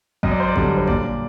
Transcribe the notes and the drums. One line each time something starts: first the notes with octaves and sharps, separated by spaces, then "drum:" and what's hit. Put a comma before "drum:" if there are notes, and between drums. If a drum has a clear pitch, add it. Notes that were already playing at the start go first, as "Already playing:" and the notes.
F#2 D#5, drum: kick A1
D5
C5
D5
D3 G3, drum: kick A1
C5
A#2 D5, drum: kick A1